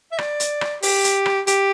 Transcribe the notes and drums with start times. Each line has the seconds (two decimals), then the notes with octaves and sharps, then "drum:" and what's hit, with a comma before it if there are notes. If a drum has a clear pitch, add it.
0.12 E5
0.18 D5, drum: rim click
0.40 drum: hi-hat
0.61 drum: rim click
0.82 G4, drum: open hi-hat
1.04 drum: hi-hat
1.26 drum: rim click
1.47 G4, drum: hi-hat